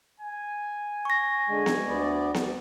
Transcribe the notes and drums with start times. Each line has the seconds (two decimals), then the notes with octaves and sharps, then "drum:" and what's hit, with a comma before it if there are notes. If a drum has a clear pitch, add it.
0.19 G#5
1.05 C#6 A#6
1.49 D3 G#3
1.66 drum: snare B3
1.87 D2 B3 D5
2.34 drum: snare B3